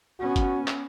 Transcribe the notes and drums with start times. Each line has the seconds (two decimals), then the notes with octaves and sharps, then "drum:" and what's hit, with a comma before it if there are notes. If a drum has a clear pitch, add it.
0.20 B3 C#4 F#4
0.36 drum: kick G1, hi-hat
0.68 drum: clap